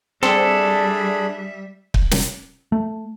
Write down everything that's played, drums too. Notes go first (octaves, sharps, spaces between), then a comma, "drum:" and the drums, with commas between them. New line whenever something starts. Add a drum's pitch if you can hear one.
G3 C4 D4 G#4 A4 E5 B5
drum: kick
drum: snare
A3